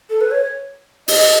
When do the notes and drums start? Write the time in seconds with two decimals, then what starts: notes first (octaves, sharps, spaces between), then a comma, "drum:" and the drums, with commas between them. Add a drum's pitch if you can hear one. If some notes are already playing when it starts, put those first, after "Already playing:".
0.10 A4
0.21 B4
0.31 C#5
1.08 D#5, drum: open hi-hat